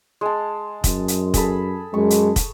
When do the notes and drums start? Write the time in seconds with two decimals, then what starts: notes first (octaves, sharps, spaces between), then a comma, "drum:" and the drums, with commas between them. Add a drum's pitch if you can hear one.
0.21 G#3 A5
0.84 F#2, drum: kick, hi-hat
1.08 drum: hi-hat
1.34 G#4 A4 B5, drum: kick, hi-hat
1.94 F#2 G#3 C#6
2.10 drum: hi-hat
2.36 drum: kick, hi-hat